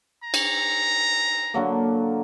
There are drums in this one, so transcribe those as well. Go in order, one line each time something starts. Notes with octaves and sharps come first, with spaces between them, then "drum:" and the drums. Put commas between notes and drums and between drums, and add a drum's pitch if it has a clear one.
A#5
drum: cymbal
D3 F#3 A#3